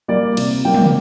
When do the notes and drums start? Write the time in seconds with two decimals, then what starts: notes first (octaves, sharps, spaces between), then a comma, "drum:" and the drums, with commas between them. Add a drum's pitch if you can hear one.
0.08 G3 A#3 D5
0.37 C3, drum: cymbal
0.65 G3 A#3 G5
0.74 drum: tom